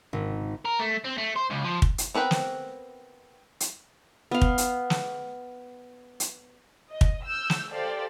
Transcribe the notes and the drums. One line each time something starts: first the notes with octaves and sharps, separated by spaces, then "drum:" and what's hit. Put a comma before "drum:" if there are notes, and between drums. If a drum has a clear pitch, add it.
G#1
A#4
A3
C4
A3
C5
C#2
F3
drum: kick
drum: hi-hat
B3 C4 A#4 B4 G5
drum: snare
drum: hi-hat
B3 F5
drum: kick
drum: hi-hat
drum: snare
drum: hi-hat
D#5
drum: kick
E6 F6 G6
drum: snare
G4 A4 C5 D5 F5 G5